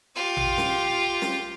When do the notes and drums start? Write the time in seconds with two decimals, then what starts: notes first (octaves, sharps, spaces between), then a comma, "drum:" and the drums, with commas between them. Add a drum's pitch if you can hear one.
0.15 F4 G4
0.37 drum: tom A1
0.58 drum: snare
1.22 drum: snare